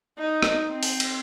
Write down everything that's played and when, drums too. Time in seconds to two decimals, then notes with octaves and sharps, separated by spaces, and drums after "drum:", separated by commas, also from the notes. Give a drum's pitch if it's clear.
0.19 D#4
0.42 drum: rim click
0.70 C4
0.83 drum: open hi-hat
1.00 drum: cymbal